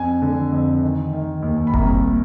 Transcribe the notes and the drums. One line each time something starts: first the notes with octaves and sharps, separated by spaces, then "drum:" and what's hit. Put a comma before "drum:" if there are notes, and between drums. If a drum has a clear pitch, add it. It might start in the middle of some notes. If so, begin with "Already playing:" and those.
Already playing: F2 G#5
D3
F2
D#3
D#3
D#2
B5
C2 A#5, drum: kick F#1
A#2